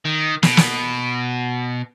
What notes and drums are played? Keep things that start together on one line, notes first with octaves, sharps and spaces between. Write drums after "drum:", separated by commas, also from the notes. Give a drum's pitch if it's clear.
D#3
B2, drum: snare
drum: snare